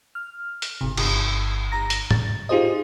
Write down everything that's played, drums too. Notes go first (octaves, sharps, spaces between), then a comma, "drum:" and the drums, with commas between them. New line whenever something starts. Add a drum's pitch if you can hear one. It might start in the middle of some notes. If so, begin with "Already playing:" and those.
F6
drum: hi-hat
G#1 C3
G1, drum: cymbal
G1 A#5 A#6
drum: hi-hat
A6, drum: tom G#2
D#4 F4 G4 G#4 C5 D#5